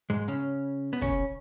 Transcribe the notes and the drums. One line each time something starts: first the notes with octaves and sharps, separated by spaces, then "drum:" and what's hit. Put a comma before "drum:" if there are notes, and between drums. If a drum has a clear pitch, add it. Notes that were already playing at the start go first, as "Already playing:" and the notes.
G#2 G#3
C#3 C#4
B3
C#3 C#4, drum: kick